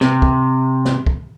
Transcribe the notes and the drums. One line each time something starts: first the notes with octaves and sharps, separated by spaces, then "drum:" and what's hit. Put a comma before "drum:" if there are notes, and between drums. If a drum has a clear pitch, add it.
C3, drum: snare
drum: kick
drum: snare
drum: kick